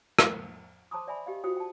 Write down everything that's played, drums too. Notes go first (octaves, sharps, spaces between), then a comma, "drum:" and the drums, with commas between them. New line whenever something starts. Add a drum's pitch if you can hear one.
drum: rim click
C5 A5 A#5 C6 D6 D#6
D5 E5 G#5 B5
G4 D#5 F5
F4 F#4 C5 G5 D#6
G5 A5